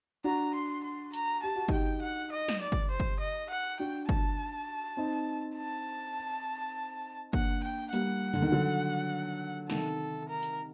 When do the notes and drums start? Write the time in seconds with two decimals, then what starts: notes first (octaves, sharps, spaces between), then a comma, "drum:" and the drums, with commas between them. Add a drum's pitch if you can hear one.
0.24 D4 F#4 A#5
0.55 C6
0.84 C6
1.14 A#5, drum: hi-hat
1.43 G4 A5
1.56 F#4
1.69 D#4 G4 G5, drum: kick G1
2.02 F#5
2.32 D#5
2.48 drum: snare
2.61 D5
2.72 drum: kick G1
2.90 C5
3.00 drum: kick G1
3.20 D#5
3.50 F#5
3.79 D4 F#4 G5
4.09 A5, drum: kick G1
4.97 C4 D#4
5.57 A5
7.33 A#3 D4 F#5, drum: kick G1
7.64 G5
7.93 G3 A#3 F#5, drum: hi-hat
8.34 D3, drum: tom
8.42 D#3
8.52 D3 F#3
9.70 C3 D#3 A4, drum: snare
10.29 A#4
10.43 drum: hi-hat